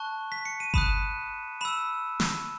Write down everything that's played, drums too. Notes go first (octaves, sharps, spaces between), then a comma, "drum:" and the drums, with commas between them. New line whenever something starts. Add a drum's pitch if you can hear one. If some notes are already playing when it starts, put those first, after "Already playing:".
Already playing: A5 C#6 F#6
B6
C#7
D#7
B5 D#6 F#6 E7, drum: kick G1
B5 E6 E7
drum: snare